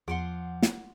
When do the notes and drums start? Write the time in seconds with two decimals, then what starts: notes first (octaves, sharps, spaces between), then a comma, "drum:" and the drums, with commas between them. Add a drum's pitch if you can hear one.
0.08 E2 F3 F#5 C6 D6
0.62 drum: snare